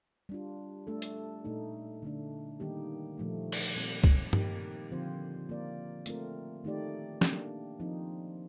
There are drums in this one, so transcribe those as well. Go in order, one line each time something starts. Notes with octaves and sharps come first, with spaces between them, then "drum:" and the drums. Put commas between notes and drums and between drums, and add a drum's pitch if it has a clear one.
G3 D4 F4
A3 D4 A4
drum: hi-hat
A#2 A3 D#4
D3 A3 D4
D#3 G3 A#3 D#4 G4
A#2 F3 A3 D#4
drum: cymbal
A#2 G3 C4
drum: kick
D#3 A#3 D#4 G4 A#4, drum: tom G2
D3 F3 C4 F4 C5
A#3 F4 A#4 D5
A3 C4 F4 A#4, drum: hi-hat
D#3 A3 D#4 G4 D5
A#3 D4 G4, drum: snare
F3 C4 D#4